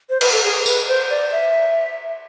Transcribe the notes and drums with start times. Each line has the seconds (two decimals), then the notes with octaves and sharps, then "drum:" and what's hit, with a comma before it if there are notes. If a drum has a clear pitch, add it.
0.10 C5
0.21 B4, drum: cymbal
0.32 A4
0.44 G#4
0.66 B4, drum: tambourine
0.88 C5
1.10 D5
1.32 E5